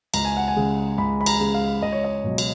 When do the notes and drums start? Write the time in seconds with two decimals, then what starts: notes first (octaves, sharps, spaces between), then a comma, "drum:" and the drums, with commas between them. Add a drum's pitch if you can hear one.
0.14 C#2 A#5, drum: cymbal
0.25 G#5
0.37 F#5
0.48 G#5
0.57 C#3 G#3
0.98 C#2 B5
1.21 B5
1.26 A#5, drum: cymbal
1.40 C#3 G#3
1.54 F5
1.82 C#2 D#5
1.92 C#5
2.04 D#5
2.24 B2 F#3
2.38 drum: cymbal